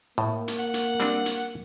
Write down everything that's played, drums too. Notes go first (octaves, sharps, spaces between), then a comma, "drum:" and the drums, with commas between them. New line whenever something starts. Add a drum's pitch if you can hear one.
A2 A#3
drum: hi-hat
F#5
drum: hi-hat
G3 C4 D4, drum: hi-hat
drum: hi-hat